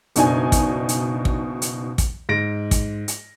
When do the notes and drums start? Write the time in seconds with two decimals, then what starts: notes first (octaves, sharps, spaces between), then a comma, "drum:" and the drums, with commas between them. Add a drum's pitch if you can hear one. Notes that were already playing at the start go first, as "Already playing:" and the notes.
0.16 F#1 B2 D4 D#4 G#5, drum: hi-hat
0.52 drum: kick, hi-hat
0.89 drum: hi-hat
1.25 drum: kick
1.62 drum: hi-hat
1.98 drum: kick, hi-hat
2.29 G#2 A#6 D7
2.71 drum: kick, hi-hat
3.08 drum: hi-hat